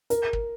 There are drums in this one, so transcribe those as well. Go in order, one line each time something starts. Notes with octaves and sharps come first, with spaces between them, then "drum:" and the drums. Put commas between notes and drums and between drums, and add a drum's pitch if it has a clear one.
A#4, drum: hi-hat
drum: kick